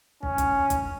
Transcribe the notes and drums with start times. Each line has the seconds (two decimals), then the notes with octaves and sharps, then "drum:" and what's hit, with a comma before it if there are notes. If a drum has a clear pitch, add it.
0.23 C#4, drum: kick
0.38 drum: kick, hi-hat
0.70 drum: kick, hi-hat